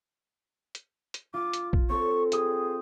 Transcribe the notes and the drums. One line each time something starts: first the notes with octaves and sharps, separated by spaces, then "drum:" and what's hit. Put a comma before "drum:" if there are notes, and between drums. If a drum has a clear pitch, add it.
drum: hi-hat
drum: hi-hat
F4 D6
drum: hi-hat
drum: kick A#1
C4 A4 C#6
G#4 G5 D#6, drum: hi-hat